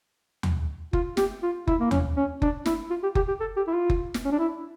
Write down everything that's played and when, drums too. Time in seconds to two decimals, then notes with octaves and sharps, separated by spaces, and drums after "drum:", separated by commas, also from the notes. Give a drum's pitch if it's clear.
0.43 drum: tom
0.93 F4, drum: kick F#1
1.17 G4, drum: snare
1.43 F4
1.67 E4, drum: kick F#1
1.80 A#3
1.91 C#4, drum: tom
2.17 C#4
2.42 D4, drum: kick F#1
2.66 E4, drum: snare
2.90 F4
3.03 G4
3.15 G4, drum: kick F#1
3.28 G4
3.40 A4
3.57 G4
3.68 E4
3.74 F4
3.90 drum: kick F#1
4.14 drum: snare
4.25 C#4
4.32 D4
4.39 E4